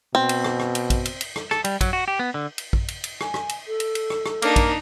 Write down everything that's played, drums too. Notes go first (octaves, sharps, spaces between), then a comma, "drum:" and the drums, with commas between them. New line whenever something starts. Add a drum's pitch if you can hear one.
B2 C4
drum: cymbal
drum: rim click
drum: rim click
drum: cymbal
drum: kick, cymbal
drum: cymbal
drum: cymbal
drum: rim click
A4, drum: rim click
G3, drum: cymbal
F#3, drum: kick, cymbal
F#4
G4
B3
D3
drum: cymbal
drum: kick
drum: cymbal
drum: cymbal
G#5, drum: rim click
drum: rim click
drum: cymbal
A4
drum: cymbal
drum: cymbal
drum: rim click
drum: rim click
A#3 D4 D#4, drum: cymbal
drum: kick, cymbal